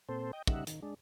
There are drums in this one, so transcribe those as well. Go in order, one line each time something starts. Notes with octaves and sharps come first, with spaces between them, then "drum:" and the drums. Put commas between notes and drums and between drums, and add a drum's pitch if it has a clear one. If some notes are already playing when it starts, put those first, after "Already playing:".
A#2 C4 A4 C5
D#5 G5
C#3 G3 D#4 E5 F#5, drum: kick
D#3, drum: hi-hat
G#3 D4